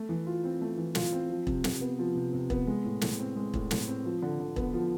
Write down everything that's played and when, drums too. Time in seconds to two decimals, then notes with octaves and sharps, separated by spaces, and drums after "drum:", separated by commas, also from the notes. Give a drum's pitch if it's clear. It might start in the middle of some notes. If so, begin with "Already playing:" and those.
Already playing: A3
0.09 E3
0.26 F4
0.44 C4
0.61 A3
0.78 E3
0.95 F4, drum: snare
1.13 C4
1.30 F3
1.47 C3, drum: kick E1
1.64 C3, drum: snare
1.81 B3
1.99 F3
2.15 C3
2.33 C3
2.50 B3, drum: kick E1
2.67 G#3
2.84 A2
3.01 A2, drum: snare
3.19 C4
3.36 G#3
3.54 A2, drum: kick E1
3.71 A2, drum: snare
3.88 C4
4.05 F3
4.22 D3
4.40 D3
4.56 B3, drum: kick E1
4.73 F3